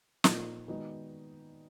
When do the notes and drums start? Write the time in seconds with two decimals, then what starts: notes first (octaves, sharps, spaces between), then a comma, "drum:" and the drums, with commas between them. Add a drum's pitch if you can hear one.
0.24 A#2 F3 A#3 D#4, drum: snare
0.68 D#3 G#3 B3 D#4 F#4